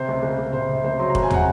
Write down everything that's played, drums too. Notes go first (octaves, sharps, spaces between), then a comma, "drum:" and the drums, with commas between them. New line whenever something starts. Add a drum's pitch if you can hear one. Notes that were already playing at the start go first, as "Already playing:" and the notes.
Already playing: C3 C5
C#2
C#2
C#2
C3 C5
C3
C#2 C5
F#3 C6
A#5
C#2, drum: kick
G#5
C3 F#5, drum: tom